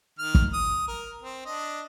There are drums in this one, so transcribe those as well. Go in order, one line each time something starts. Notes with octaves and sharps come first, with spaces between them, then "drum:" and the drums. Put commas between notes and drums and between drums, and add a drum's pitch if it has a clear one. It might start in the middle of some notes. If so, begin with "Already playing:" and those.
D#3 F6
drum: kick
D#6
A#4
C4
D4 D#5